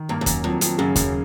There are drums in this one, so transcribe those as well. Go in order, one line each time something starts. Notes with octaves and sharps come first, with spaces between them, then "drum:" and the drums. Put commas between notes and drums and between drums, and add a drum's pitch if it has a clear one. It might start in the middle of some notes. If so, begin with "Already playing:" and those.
Already playing: D#3
G2 A#3
G2
F#2, drum: kick D#2, hi-hat
F2 F#3
F2, drum: hi-hat
F#2 C#3
F#2, drum: kick D#2, hi-hat